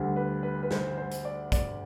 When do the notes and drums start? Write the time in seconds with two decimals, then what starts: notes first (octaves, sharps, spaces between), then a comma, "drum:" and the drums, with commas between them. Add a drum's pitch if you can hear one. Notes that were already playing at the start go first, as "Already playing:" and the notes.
Already playing: D2 D3 G3
0.16 B4
0.43 B4
0.63 B4
0.71 C5, drum: snare
0.98 C5
1.11 drum: hi-hat
1.25 D5
1.52 D5, drum: kick, hi-hat